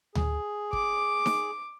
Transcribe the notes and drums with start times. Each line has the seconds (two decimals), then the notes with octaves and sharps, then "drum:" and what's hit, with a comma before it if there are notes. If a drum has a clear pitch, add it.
0.15 G#4, drum: tom D2
0.73 D6, drum: kick
1.26 drum: snare D#4